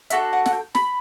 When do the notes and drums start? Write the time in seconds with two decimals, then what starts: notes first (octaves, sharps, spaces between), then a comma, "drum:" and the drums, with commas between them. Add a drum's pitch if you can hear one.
0.10 D4 F#4 A4 E5, drum: hi-hat
0.33 F#5
0.46 F#5, drum: snare
0.53 G5
0.75 B5, drum: snare